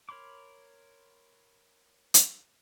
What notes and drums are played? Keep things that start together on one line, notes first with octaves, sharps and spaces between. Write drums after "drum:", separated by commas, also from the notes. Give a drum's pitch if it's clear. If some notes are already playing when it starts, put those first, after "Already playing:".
A#4 C#5 B5 C6 D6
drum: hi-hat